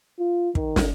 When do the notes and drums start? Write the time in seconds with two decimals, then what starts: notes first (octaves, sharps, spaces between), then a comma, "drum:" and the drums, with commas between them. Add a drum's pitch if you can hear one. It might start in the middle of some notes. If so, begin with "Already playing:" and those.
0.19 F4
0.55 D#3, drum: kick
0.76 drum: snare